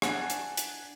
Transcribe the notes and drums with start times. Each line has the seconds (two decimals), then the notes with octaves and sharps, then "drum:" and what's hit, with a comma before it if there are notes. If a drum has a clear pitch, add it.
0.02 D4 F#5 G#5, drum: rim click
0.30 drum: hi-hat
0.57 drum: hi-hat